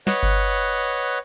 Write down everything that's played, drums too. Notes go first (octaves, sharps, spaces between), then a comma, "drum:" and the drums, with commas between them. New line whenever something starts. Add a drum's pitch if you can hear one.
B4 C#5 D#5 F#5, drum: snare
drum: kick G1